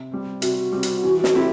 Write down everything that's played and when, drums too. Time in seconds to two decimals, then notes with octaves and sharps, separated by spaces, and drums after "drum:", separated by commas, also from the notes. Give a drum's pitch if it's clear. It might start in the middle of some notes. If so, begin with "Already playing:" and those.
Already playing: C3
0.11 G3 C4
0.42 C3 F#4, drum: hi-hat
0.72 G3 C4
0.83 drum: hi-hat
1.03 E3
1.24 drum: snare
1.34 A3 C4 E4 G4